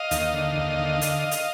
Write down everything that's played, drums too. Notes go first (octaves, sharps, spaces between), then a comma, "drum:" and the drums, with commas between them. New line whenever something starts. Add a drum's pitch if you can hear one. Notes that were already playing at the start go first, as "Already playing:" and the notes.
Already playing: D#5 F5
D#2, drum: hi-hat
D3
D#2
D3
drum: hi-hat
drum: hi-hat